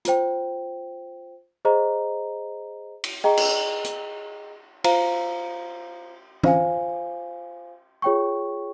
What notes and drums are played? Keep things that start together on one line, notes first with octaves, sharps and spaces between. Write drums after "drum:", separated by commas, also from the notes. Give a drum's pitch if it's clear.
F4 C5 G5, drum: hi-hat
G#4 C5 D#5 A#5
drum: cymbal
G#4 D#5 G5 A#5
drum: cymbal
drum: hi-hat
F4 C5 F5 A#5, drum: cymbal
F4 C5 F5 G#5, drum: tom E3
F4 G#4 C#5 G5 C#6